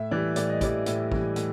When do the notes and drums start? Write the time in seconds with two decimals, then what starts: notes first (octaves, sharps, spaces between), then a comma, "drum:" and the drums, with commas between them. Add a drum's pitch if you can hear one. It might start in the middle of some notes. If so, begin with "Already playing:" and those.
Already playing: A2 E5
0.11 E3 G3 D5
0.36 A2 D5, drum: hi-hat
0.49 D#5
0.61 E3 G3 D5, drum: kick, hi-hat
0.86 A2, drum: hi-hat
1.12 E3 G3, drum: kick
1.36 A2, drum: hi-hat